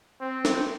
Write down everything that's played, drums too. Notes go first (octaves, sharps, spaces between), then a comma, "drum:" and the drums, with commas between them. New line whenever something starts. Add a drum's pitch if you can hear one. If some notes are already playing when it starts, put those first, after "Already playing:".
C4
drum: snare